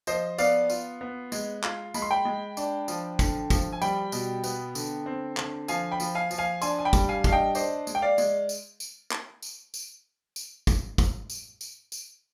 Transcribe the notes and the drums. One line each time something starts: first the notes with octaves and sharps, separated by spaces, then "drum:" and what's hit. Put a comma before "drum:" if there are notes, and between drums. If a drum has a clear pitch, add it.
F3 C5 D#5, drum: tambourine
B3 D5 F5, drum: tambourine
F4, drum: tambourine
B3
G#3, drum: tambourine
F4, drum: clap
G#3 B5, drum: tambourine
C6
G5 B5
G#3
D4, drum: tambourine
F3, drum: tambourine
D3, drum: kick, tambourine
F3, drum: kick, tambourine
G#5
G3 G5 B5, drum: tambourine
B2, drum: tambourine
B3, drum: tambourine
D3, drum: tambourine
C4
D3, drum: clap
F3 F5 G#5, drum: tambourine
G5 B5
F3, drum: tambourine
F5 G#5
F3, drum: tambourine
F5 G#5
D4 G#5 C6, drum: tambourine
G#5
G5 B5
G3, drum: kick, tambourine
F5 G#5
D4 F5, drum: kick, tambourine
D#5 G5
D4 C5 D#5, drum: tambourine
G#3, drum: tambourine
G5
D5 F5
G#3, drum: tambourine
drum: tambourine
drum: tambourine
drum: clap
drum: tambourine
drum: tambourine
drum: tambourine
drum: kick, tambourine
drum: kick, tambourine
drum: tambourine
drum: tambourine
drum: tambourine